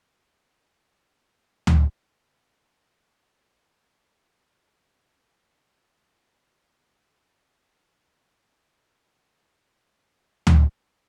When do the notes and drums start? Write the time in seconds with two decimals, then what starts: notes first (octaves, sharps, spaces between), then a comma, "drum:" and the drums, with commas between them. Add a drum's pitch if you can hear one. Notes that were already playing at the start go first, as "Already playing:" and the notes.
0.02 F#6 C#7 F7
1.11 C#6 D#6 G6 D7 E7
1.67 drum: tom D2
2.00 B5 E6 F6 G#6
2.60 C#3 G5
3.53 B2 G#4
3.89 F#4 D#5
4.73 D#4 C#5 D5
6.08 G4 A4 A#4
7.06 G5 A#5
9.08 F4 D#5 E5 C6
9.81 G3 G#3
10.47 drum: tom D2
10.93 E4